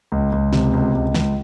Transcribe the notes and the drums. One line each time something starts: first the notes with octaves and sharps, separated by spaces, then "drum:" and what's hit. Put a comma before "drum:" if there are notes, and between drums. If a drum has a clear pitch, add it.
C#2
C#2
C3, drum: snare
C#2
C#2
C#2, drum: snare